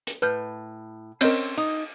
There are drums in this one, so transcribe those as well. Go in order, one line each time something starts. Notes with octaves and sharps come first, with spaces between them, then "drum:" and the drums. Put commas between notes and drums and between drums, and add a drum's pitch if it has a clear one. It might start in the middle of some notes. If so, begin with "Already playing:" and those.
drum: hi-hat
A2 B4 F6 G6
C4 C#4 A#4 D#5 G6, drum: cymbal
D#4